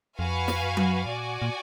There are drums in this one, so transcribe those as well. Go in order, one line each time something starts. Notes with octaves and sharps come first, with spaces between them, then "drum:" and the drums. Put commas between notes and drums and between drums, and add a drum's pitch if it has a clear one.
F2 F#4 B4 F5 G#5
drum: snare
F#2
drum: tom F#3
A#2 F#4 D5 G#5
A#2